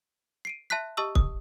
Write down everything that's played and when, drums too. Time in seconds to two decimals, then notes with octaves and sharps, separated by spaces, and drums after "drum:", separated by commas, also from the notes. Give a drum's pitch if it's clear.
0.45 C7 D7 D#7
0.70 E5 A5 C6 F#6 B6
0.97 G4 D#5 A5 C#6 D#6 E6
1.15 D#6, drum: kick